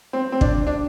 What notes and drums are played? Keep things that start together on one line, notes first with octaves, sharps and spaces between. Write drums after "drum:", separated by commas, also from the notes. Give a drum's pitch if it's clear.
C4
C4
D4, drum: kick
D4